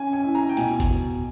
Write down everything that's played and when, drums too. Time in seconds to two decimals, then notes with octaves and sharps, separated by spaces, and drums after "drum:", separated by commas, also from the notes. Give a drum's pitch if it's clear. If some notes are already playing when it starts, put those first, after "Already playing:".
Already playing: C#4 G#5
0.13 G#5
0.24 E4
0.35 A#5
0.49 G5
0.57 B2 G#5, drum: hi-hat
0.80 drum: kick G1, hi-hat